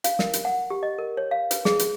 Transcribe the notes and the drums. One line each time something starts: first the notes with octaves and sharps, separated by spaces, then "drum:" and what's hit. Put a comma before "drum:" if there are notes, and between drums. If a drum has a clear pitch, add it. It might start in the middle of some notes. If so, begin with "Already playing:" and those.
F5, drum: hi-hat
A#4, drum: snare
drum: hi-hat
F#5
G4
D#5
A#4
C#5
F5
B4, drum: hi-hat
G#4, drum: snare
drum: hi-hat